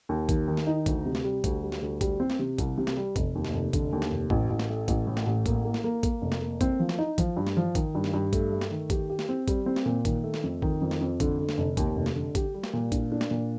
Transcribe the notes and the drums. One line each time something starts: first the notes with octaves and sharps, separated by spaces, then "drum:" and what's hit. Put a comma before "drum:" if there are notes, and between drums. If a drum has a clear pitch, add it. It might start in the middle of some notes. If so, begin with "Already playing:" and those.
D#2
D#3, drum: kick, hi-hat
D#3
drum: snare
D#4
D2, drum: kick, hi-hat
C3
drum: snare
G3
D2, drum: kick, hi-hat
G3
drum: snare
D2
G3, drum: kick, hi-hat
C4
drum: snare
C3
C2, drum: kick, hi-hat
C3
drum: snare
G3
F1, drum: kick, hi-hat
D#2
drum: snare
F1
D3, drum: kick, hi-hat
D#2
drum: snare
F1
A1, drum: kick
A1
drum: snare
A3
A1, drum: kick, hi-hat
A2
drum: snare
A1
A#3, drum: kick, hi-hat
A#3
drum: snare
A#3
A#3, drum: kick, hi-hat
F1
drum: snare
A#3
C4, drum: kick, hi-hat
F3
drum: snare
D#4
F3, drum: kick, hi-hat
G2
drum: snare
F3
D#3, drum: kick, hi-hat
G2
drum: snare
G2
A3, drum: kick, hi-hat
A3
drum: snare
D#3
G4, drum: kick, hi-hat
G4
drum: snare
C4
G3, drum: kick, hi-hat
C4
drum: snare
A#2
D#3, drum: kick, hi-hat
A3
drum: snare
F2
D#3, drum: kick
F2
drum: snare
F2
D3, drum: kick, hi-hat
D3
drum: snare
F1
D#2, drum: kick, hi-hat
F1
drum: snare
D3
G4, drum: kick, hi-hat
G3
drum: snare
A#2
D4, drum: kick, hi-hat
D4
drum: snare
A#2